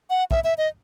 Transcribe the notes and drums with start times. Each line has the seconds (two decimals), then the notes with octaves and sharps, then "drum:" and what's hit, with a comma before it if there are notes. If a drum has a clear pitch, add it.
0.10 F#5
0.31 E5, drum: kick
0.44 E5
0.58 D#5